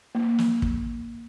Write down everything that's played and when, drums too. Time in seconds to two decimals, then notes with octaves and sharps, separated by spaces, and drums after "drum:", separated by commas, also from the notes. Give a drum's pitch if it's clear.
0.15 A#3
0.39 drum: snare
0.62 drum: kick